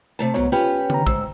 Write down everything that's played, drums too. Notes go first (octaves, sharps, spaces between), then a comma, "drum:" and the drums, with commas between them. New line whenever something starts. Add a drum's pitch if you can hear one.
C3 A3 A5
C2 G#2 F#3 B3 C#5
C#4 F4 G4 B4
D#3 A#5, drum: tom C#3
G#2 E6, drum: kick